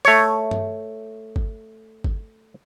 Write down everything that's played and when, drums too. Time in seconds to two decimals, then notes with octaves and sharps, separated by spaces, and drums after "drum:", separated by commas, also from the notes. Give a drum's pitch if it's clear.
0.05 A3 C#5, drum: open hi-hat
0.51 drum: tom G2
1.36 drum: kick G1
2.04 drum: kick G1